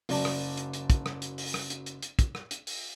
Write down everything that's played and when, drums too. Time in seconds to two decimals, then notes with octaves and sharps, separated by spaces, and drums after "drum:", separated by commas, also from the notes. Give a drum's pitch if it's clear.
0.09 F#1 F#2 D5 A5, drum: open hi-hat
0.25 drum: rim click
0.57 drum: hi-hat
0.73 drum: hi-hat
0.90 drum: kick, hi-hat
1.06 drum: rim click
1.22 drum: hi-hat
1.38 drum: open hi-hat
1.54 drum: rim click
1.70 drum: hi-hat
1.86 drum: hi-hat
2.03 drum: hi-hat
2.19 drum: kick, hi-hat
2.35 drum: rim click
2.51 drum: hi-hat
2.67 drum: open hi-hat